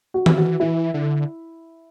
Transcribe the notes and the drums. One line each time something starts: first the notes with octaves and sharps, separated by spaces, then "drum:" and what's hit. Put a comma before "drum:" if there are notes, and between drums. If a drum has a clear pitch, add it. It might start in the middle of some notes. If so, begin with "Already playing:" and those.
F#4
E3, drum: tom D#3
F#4
E3 E4
D3